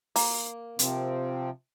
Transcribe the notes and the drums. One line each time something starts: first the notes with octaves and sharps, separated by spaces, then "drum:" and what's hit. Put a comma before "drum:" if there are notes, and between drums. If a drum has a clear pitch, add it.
A#3, drum: open hi-hat
C3 F3 C4, drum: hi-hat